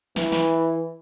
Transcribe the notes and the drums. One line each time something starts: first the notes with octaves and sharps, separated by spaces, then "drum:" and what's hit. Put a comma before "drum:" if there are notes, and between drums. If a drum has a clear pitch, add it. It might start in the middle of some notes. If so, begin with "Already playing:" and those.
E3, drum: snare
drum: snare